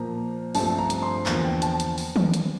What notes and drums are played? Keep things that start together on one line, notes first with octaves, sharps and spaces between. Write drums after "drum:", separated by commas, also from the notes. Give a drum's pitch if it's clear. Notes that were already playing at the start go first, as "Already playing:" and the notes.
Already playing: A#2 F3 A#3 A#5
G2 F3 A3 C4 A5, drum: open hi-hat
A#5
drum: hi-hat
C6
E2 D3 F3 A#3, drum: clap
G5
A5, drum: hi-hat
drum: hi-hat
drum: open hi-hat
drum: tom D#3
drum: hi-hat